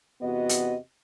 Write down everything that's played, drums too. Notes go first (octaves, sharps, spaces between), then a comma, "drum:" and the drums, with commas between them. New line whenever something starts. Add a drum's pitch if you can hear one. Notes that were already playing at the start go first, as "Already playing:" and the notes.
E2 C3 B3 F#4 D#5
drum: hi-hat